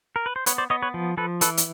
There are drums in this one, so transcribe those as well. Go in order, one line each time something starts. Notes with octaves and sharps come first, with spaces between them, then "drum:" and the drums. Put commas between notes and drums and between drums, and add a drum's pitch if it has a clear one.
A#4
B4
C5
B3 B4 C#5, drum: hi-hat
C5 D5
B3 C#5 D#5
B4 C#5
F3
F3 A4 B4
E3 A4 B4, drum: hi-hat
drum: hi-hat